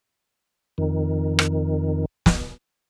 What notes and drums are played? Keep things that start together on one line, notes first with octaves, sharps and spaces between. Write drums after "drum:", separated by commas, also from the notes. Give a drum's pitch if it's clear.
F2 D#3
drum: rim click
drum: snare